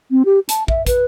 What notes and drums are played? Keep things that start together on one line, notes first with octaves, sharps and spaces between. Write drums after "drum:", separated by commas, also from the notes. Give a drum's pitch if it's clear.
C4
G4
A5, drum: hi-hat
E5, drum: kick
B4, drum: kick, hi-hat